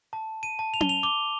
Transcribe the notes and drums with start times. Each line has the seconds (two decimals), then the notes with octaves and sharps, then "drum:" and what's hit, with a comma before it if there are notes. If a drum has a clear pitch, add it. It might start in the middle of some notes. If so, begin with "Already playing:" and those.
0.13 A5
0.43 D#7
0.59 A5
0.74 F7
0.81 G7, drum: tom C#4
0.89 F7
1.03 D6 G7